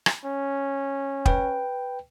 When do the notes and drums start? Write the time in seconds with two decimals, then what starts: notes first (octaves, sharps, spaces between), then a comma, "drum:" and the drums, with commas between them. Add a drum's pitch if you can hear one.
0.06 drum: rim click
0.24 C#4
1.26 B4 G5, drum: kick